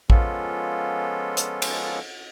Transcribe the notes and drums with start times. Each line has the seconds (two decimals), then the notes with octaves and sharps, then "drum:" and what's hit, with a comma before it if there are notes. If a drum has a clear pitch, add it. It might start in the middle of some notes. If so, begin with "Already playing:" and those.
0.10 F3 G#3 B3 C#4 F4 A4, drum: kick A1
1.37 drum: hi-hat
1.62 drum: cymbal